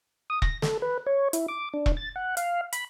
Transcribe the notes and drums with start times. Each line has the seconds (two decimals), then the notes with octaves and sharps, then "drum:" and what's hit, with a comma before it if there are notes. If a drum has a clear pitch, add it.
0.30 D#6
0.42 A#6, drum: kick E1
0.62 A4, drum: snare
0.82 B4
1.07 C#5
1.33 E4, drum: hi-hat
1.48 D6
1.74 D4
1.86 drum: kick E1
1.97 A6
2.16 F#5
2.37 F5, drum: hi-hat
2.73 B5, drum: hi-hat